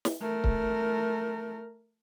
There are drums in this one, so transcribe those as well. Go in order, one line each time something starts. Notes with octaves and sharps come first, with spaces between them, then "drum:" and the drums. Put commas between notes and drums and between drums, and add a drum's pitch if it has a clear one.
drum: snare
A3 A#4
drum: kick C#1